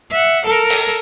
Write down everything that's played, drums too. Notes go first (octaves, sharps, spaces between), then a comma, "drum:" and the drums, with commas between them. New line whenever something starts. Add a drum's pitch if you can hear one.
E5 F#5
A4 A#4
drum: open hi-hat